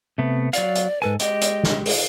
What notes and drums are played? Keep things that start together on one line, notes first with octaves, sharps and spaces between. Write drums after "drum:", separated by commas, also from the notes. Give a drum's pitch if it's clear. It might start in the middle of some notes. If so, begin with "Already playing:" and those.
C3 A3 B3
F#3 D5 F5, drum: hi-hat
drum: hi-hat
G#2 A4 B4 G#5
G#3 G4 D#5, drum: hi-hat
drum: hi-hat
drum: snare
drum: open hi-hat